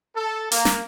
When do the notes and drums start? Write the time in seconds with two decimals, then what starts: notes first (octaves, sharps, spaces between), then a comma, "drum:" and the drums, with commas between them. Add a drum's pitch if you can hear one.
0.15 A4
0.52 A#3, drum: hi-hat
0.65 drum: snare